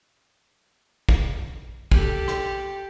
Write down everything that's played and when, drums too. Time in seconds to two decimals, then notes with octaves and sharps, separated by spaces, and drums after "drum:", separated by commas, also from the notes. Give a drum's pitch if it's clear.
1.09 drum: kick
1.92 G4 A4, drum: kick
2.28 drum: rim click